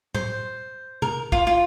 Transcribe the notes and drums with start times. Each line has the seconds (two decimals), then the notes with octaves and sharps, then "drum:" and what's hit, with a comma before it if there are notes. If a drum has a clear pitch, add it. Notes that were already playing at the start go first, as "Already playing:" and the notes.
0.15 C5, drum: tom
1.02 A#4, drum: tom
1.32 F4, drum: kick
1.47 F4